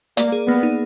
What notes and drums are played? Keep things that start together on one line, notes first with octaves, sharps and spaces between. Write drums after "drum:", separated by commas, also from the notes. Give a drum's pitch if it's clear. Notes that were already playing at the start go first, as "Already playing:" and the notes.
A#3 D5, drum: hi-hat
G#4
A#3 B3
D#4